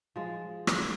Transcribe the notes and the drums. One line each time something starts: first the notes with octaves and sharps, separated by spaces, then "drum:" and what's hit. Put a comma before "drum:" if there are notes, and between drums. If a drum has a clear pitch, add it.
F3 G#3
drum: rim click